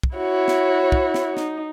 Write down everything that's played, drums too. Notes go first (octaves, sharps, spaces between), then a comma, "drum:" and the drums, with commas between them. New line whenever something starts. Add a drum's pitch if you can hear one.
drum: kick
E4 F#4 C#5
drum: snare
drum: kick
drum: snare
D#4, drum: snare